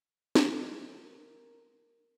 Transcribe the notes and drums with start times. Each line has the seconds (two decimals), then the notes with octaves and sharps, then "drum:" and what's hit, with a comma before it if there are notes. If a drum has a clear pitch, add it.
0.35 drum: snare
1.01 A#4